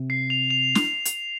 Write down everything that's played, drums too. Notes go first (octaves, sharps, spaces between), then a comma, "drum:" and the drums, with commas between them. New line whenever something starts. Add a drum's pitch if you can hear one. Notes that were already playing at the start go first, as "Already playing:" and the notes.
Already playing: C3
C7
F7
F7
drum: snare
drum: hi-hat